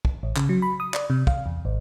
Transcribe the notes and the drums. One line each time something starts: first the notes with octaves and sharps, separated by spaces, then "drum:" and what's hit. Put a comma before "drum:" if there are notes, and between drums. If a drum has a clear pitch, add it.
drum: kick
A1
C#3, drum: clap
F#3
B5
D#6
D5, drum: clap
C3
F5, drum: kick
E2
G#1